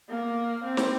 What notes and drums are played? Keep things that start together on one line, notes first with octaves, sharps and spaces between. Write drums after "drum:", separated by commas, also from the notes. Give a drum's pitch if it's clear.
A#3
C4
drum: snare